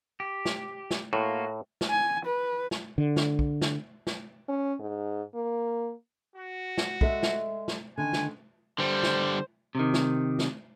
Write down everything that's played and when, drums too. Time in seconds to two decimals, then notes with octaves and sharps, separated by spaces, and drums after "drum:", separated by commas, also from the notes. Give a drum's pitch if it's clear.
0.20 G4
0.45 drum: snare
0.91 drum: snare
1.13 A2 A#3 F4 F#4
1.81 drum: snare
1.90 G#5
2.26 B4
2.71 drum: snare
2.98 D3
3.16 drum: snare
3.39 drum: kick
3.62 drum: snare
4.07 drum: snare
4.48 C#4
4.80 G#2
5.35 A#3
6.36 F#4
6.78 drum: snare
7.01 G#3 A4 E5, drum: kick
7.23 drum: snare
7.68 drum: snare
7.98 D3 D#3 G#5
8.13 drum: snare
8.78 D3 G3 C5
9.03 drum: snare
9.75 C3 D#3
9.94 drum: snare
10.39 drum: snare